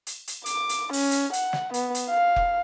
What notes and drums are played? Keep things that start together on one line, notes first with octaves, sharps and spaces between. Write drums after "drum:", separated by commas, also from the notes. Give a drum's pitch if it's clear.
drum: hi-hat
drum: hi-hat
D6, drum: hi-hat
drum: hi-hat
C#4, drum: open hi-hat
drum: hi-hat
F#5, drum: hi-hat
drum: snare
B3, drum: hi-hat
drum: hi-hat
F5
drum: kick F1